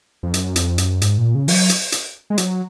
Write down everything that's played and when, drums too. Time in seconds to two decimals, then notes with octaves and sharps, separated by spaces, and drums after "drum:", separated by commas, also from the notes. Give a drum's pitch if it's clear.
0.23 F2
0.34 F#2, drum: hi-hat
0.56 F2, drum: hi-hat
0.78 F#2, drum: hi-hat
1.02 G#2, drum: hi-hat
1.18 A#2
1.35 C#3
1.48 F3, drum: open hi-hat
1.53 F#3
1.69 drum: hi-hat
1.92 drum: hi-hat
2.30 G#3
2.38 F#3, drum: hi-hat